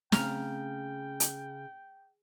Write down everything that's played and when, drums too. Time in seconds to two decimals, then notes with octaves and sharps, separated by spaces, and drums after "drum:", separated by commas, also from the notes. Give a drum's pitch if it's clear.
0.12 C#3 A3 C4 G5 A#5 F6 F7, drum: snare
1.20 drum: hi-hat